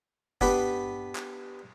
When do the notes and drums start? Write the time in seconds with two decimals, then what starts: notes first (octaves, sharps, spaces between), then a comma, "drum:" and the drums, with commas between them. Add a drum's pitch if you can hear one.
0.41 B3 D4 G4 B4, drum: kick F1
1.15 drum: clap